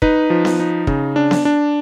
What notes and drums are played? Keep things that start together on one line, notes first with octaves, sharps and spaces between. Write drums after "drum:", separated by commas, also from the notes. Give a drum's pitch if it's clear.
D#4 B4, drum: kick
F3
drum: snare B3
D#4
C#3, drum: kick
D4
drum: snare B3
D4